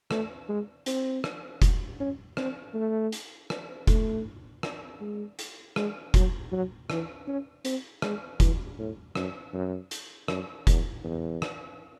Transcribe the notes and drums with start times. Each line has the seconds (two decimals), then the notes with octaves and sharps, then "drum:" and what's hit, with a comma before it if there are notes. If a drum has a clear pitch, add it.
0.11 A3, drum: rim click
0.49 G#3
0.86 C4, drum: hi-hat
1.24 drum: rim click
1.62 drum: kick F1, hi-hat
2.00 C#4
2.37 C4, drum: rim click
2.74 A3
3.12 drum: hi-hat
3.50 drum: rim click
3.87 A3, drum: kick F1, hi-hat
4.63 drum: rim click
5.01 G#3
5.39 drum: hi-hat
5.76 G#3, drum: rim click
6.14 F#3, drum: kick F1, hi-hat
6.52 F#3
6.90 E3, drum: rim click
7.27 C#4
7.65 C4, drum: hi-hat
8.02 G#3, drum: rim click
8.40 E3, drum: kick F1, hi-hat
8.79 A2
9.15 F#2, drum: rim click
9.53 F#2
9.91 drum: hi-hat
10.28 F#2, drum: rim click
10.67 E2, drum: kick F1, hi-hat
11.04 E2
11.42 drum: rim click